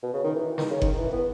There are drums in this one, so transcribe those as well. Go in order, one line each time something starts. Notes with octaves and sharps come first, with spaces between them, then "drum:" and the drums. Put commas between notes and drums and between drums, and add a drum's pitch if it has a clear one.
B2
C#3
D#3
E3
D#3, drum: snare
C#3
D#3, drum: kick F#1
E3
B3